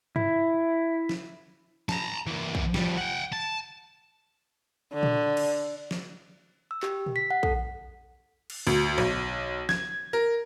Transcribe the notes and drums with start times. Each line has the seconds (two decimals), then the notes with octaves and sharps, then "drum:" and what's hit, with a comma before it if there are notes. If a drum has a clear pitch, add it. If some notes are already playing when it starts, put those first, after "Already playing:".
0.16 E4, drum: tom G2
1.09 drum: snare
1.89 A5 A#5, drum: snare
2.27 E3 A#3
2.55 drum: kick
2.74 F3 G3, drum: snare
2.97 F#5 G5
3.33 A5
4.93 D3
5.03 drum: tom A#2
5.37 drum: cymbal
5.91 drum: snare
6.71 E6
6.83 G4, drum: clap
7.06 drum: tom A#2
7.16 B6
7.31 F#5
7.43 A4, drum: kick
8.50 drum: cymbal
8.67 D2, drum: open hi-hat
8.98 B1
9.69 G#6, drum: snare
10.13 A#4